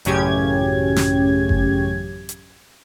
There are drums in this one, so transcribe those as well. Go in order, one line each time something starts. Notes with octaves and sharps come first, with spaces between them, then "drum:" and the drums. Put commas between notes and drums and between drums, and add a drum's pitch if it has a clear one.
A1 F#2 C#3 C#4 G4 G#6, drum: hi-hat
drum: snare
drum: kick G1
drum: hi-hat